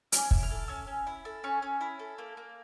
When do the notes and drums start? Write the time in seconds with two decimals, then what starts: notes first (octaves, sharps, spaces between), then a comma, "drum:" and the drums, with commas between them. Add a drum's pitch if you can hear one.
0.12 C#4, drum: hi-hat
0.18 D6
0.31 E4, drum: kick
0.43 F6
0.51 A4
0.68 C#4 E6
0.87 C#4
1.07 E4
1.25 A4
1.44 C#4 C#6
1.62 C#4
1.81 E4
1.99 A4
2.18 A#3
2.37 A#3